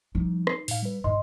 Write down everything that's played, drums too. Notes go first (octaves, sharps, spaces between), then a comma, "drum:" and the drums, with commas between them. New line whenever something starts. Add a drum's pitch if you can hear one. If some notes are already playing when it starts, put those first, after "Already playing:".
F3 G3 D#4
C7, drum: rim click
A2 F5, drum: open hi-hat
G3 B4
G#2 D#5 C6